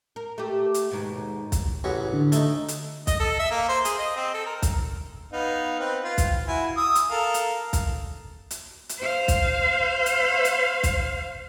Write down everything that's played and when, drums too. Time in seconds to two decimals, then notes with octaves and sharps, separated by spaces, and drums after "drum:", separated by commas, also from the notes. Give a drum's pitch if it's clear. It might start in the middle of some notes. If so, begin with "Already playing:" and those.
0.16 A#4
0.38 A3 G4
0.74 drum: hi-hat
0.91 D#2 G#2 B2
1.52 drum: kick, hi-hat
1.84 A1 C#3 F#4
2.14 D3
2.32 A3 D#4, drum: hi-hat
2.68 drum: hi-hat
3.07 D#5, drum: kick, hi-hat
3.20 A4
3.39 E5
3.51 A#3
3.69 C5
3.85 G#4, drum: hi-hat
3.99 D#5
4.16 C4
4.34 A4
4.46 A#4
4.62 drum: kick, hi-hat
5.33 B3 D#4 F5
5.80 C4 B4
6.04 F4
6.18 drum: kick, hi-hat
6.48 E4 F#4 G#5
6.77 D#6 E6
6.95 drum: hi-hat
7.11 A4 A#4 F5
7.34 drum: hi-hat
7.73 drum: kick, hi-hat
8.51 drum: hi-hat
8.89 drum: hi-hat
9.00 C5 F5
9.28 drum: kick, hi-hat
10.06 drum: hi-hat
10.45 drum: hi-hat
10.83 drum: kick, hi-hat